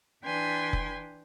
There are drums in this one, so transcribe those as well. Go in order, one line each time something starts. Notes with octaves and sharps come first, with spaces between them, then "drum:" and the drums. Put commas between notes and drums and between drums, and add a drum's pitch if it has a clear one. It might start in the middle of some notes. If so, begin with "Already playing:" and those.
E3 D4 B4 G5 G#5 C6
drum: kick F1